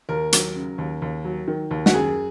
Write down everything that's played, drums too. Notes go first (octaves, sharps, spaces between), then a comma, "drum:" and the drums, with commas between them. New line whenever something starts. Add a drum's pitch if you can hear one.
D#2 A#4
F#3, drum: hi-hat
C#3
D#2
D#2
F#3
D#3
D#2
F#4, drum: snare
F#2 G#4